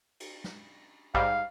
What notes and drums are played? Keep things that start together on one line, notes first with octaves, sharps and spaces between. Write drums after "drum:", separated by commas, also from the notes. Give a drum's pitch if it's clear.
drum: cymbal
drum: snare
G#2 G3 F5, drum: kick A#1